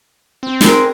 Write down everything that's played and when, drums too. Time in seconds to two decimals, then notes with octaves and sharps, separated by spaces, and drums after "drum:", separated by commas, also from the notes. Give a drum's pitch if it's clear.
0.43 C4
0.61 D4 G#4 A#4, drum: snare